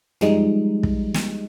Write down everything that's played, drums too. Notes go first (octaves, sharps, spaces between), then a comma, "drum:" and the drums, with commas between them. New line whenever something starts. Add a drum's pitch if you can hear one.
F3 G3 G#3 D#4, drum: tom
drum: kick
drum: snare